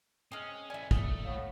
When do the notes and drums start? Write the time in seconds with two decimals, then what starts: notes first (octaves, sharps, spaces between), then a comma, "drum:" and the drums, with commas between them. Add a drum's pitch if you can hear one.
0.32 G#3 C4 C#4 D#6 F6 F#7
0.70 E3 C#4 D5 E5 G#5
0.91 A3 D#6, drum: kick
1.25 A2 B3 F5